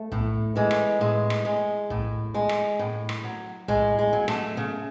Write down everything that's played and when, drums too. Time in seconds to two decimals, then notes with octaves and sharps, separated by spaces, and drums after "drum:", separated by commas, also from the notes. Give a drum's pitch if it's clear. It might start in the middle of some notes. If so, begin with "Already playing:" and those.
Already playing: A3
0.12 A2, drum: kick
0.56 E3 G#3
0.71 drum: rim click
1.01 A2 G#3
1.30 drum: rim click
1.45 G#3
1.90 A2, drum: kick
2.34 G#3
2.49 drum: rim click
2.79 A2
3.09 drum: rim click
3.24 F#3
3.68 A2 G#3, drum: kick
3.99 G#3
4.13 F#3
4.28 A3, drum: rim click
4.57 C#3